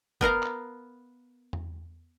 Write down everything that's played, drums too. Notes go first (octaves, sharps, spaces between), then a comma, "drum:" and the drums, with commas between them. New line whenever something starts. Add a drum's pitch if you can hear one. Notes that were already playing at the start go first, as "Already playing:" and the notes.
B3 A#4 F5 A#5, drum: kick F#1
drum: clap
drum: tom E2